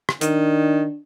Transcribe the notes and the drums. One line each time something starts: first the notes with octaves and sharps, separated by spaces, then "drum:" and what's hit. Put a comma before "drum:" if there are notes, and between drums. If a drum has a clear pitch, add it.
drum: rim click
D#3 D4, drum: hi-hat